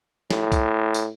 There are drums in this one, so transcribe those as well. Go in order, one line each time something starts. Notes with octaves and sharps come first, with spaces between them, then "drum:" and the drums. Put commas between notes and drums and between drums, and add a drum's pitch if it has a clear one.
A2, drum: snare
drum: kick C2, tambourine
drum: tambourine